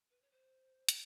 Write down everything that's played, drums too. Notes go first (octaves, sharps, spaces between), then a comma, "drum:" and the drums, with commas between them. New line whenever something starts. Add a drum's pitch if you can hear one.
B4
C#5
C5
G5, drum: hi-hat